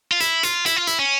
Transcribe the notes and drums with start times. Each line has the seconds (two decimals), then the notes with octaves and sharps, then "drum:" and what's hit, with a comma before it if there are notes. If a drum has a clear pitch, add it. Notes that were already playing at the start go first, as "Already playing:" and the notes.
0.11 F4
0.20 E4, drum: hi-hat
0.43 F4, drum: hi-hat
0.66 E4, drum: hi-hat
0.76 F4
0.87 E4, drum: hi-hat
0.99 C#4